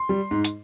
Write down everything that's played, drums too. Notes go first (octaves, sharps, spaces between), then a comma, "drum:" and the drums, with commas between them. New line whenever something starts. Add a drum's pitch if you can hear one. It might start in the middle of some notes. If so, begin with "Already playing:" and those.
Already playing: C6
G3
G#2
drum: hi-hat